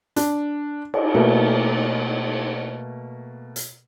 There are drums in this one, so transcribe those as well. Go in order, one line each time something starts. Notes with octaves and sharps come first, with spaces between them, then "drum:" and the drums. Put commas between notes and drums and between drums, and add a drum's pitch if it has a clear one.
D4, drum: hi-hat
drum: cymbal
B2 A3 A#3
drum: hi-hat